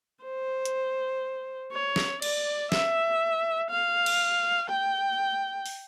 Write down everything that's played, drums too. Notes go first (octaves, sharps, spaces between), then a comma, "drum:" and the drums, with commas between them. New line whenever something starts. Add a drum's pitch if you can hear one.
C5
drum: hi-hat
C#5
drum: snare
D5, drum: cymbal
E5, drum: snare
F5
drum: cymbal
G5
drum: open hi-hat